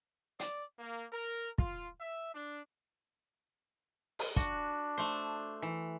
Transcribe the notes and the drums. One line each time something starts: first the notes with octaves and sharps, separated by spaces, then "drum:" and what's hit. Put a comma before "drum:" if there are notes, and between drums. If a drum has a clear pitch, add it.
D5, drum: hi-hat
A#3
A#4
F4, drum: kick
E5
D4
drum: open hi-hat
D4 F#4, drum: kick
A3 C5
E3